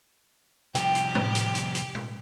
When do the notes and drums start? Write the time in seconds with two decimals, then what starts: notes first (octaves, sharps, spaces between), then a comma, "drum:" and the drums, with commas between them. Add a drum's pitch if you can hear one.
0.75 C2 F3 G4 G5, drum: hi-hat
0.95 drum: hi-hat
1.15 drum: tom
1.35 drum: hi-hat
1.55 drum: hi-hat
1.75 drum: hi-hat
1.95 drum: tom